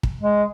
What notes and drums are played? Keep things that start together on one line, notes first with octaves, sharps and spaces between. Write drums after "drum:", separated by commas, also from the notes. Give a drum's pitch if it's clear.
drum: kick
G#3